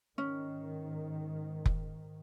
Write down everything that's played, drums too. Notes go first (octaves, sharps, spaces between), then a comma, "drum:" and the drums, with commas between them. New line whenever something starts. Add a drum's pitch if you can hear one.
G#2 D#3 C#4
drum: kick F1